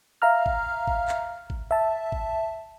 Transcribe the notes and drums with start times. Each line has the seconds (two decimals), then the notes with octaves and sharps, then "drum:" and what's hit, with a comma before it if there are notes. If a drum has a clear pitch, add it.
0.22 E5 F5 A#5 F6
0.46 drum: kick G#1
0.87 drum: kick G#1
1.08 drum: clap
1.50 drum: kick G#1
1.71 E5 A5
2.12 drum: kick G#1